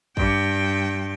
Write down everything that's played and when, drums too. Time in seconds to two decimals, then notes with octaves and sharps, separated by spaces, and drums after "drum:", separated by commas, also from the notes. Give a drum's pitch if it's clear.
0.17 G2 G5, drum: kick